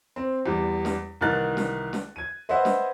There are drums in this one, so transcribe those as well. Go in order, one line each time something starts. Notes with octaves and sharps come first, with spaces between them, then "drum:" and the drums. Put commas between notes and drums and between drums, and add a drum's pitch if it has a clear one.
C4
E2 G3
drum: snare
C2 D#3 E3 D#4 F#6 A6
drum: snare
drum: snare
G#6 D#7
B4 C5 D#5 E5 F#5
drum: snare